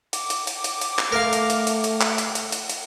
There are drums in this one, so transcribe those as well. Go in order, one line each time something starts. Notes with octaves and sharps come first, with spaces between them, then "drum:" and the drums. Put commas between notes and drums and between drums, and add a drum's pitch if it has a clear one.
D6, drum: hi-hat
drum: hi-hat
drum: hi-hat
drum: hi-hat
drum: hi-hat
drum: clap
A3 A#4 F5
drum: hi-hat
drum: hi-hat
drum: hi-hat
drum: hi-hat
drum: clap
drum: hi-hat
drum: hi-hat
drum: hi-hat
drum: hi-hat